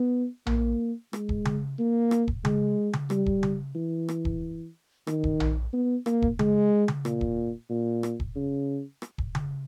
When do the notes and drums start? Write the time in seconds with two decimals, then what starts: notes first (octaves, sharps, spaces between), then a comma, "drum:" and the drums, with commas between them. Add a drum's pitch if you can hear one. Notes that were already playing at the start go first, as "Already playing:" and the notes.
Already playing: B3
0.46 A#3, drum: tom A#1
1.13 G#3, drum: rim click
1.29 drum: kick
1.45 drum: tom C#3
1.79 A#3
2.11 drum: rim click
2.28 drum: kick
2.45 G#3, drum: tom C#3
2.93 drum: tom C#3
3.10 G3, drum: rim click
3.26 drum: kick
3.43 drum: tom C#3
3.75 E3
4.09 drum: rim click
4.25 drum: kick
5.07 D#3, drum: rim click
5.24 drum: kick
5.40 drum: tom A#1
5.73 B3
6.06 A#3, drum: rim click
6.22 drum: kick
6.39 G#3, drum: tom C#3
6.88 drum: tom C#3
7.05 A#2, drum: rim click
7.21 drum: kick
7.70 A#2
8.03 drum: rim click
8.20 drum: kick
8.35 C#3
9.02 drum: rim click
9.18 drum: kick
9.35 drum: tom C#3